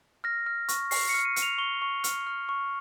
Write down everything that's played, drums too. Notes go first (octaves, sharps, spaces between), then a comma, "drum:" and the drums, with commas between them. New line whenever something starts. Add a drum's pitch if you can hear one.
F6 A#6
F6
C#6, drum: hi-hat
C#6 C7, drum: open hi-hat
C#7
F6
D#7
F6, drum: hi-hat
F7
C#6 G7
C#6
F6, drum: hi-hat
F6
C#6